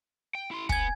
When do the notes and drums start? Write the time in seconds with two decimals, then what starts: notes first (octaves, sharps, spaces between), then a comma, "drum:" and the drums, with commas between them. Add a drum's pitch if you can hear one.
0.35 G5
0.51 E4 C6
0.69 B3 G#5 G#6, drum: kick